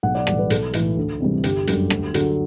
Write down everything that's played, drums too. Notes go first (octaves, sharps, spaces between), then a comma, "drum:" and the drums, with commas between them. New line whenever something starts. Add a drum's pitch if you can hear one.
B1 F#5
D5
A2 E3 G3, drum: rim click
B4
B1 A4, drum: hi-hat
A2 E3, drum: hi-hat
D2
C3 E3 G3
G1 G4, drum: hi-hat
F#2 D3 G3, drum: hi-hat
D2, drum: rim click
D3 F#3, drum: hi-hat